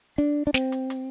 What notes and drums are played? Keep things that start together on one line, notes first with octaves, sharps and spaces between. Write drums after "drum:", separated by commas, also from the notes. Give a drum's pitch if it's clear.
D4
D4
C4, drum: snare
drum: hi-hat
drum: hi-hat